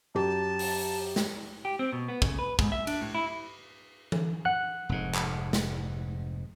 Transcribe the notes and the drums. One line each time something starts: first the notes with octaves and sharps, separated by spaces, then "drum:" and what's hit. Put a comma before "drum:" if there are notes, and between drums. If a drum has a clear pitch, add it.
F#2 G4 A5
drum: open hi-hat
drum: snare
G4
C4
B2
B3
C#3, drum: kick
B4
G#2, drum: kick
E5
D4, drum: cymbal
A2
E4
drum: tom E3
F#5 F#6
F1 G#2
drum: clap
drum: snare